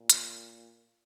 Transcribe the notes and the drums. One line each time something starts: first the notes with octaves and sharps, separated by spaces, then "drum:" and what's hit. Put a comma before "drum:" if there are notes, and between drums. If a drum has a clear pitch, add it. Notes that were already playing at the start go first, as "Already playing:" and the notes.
Already playing: A#2
drum: hi-hat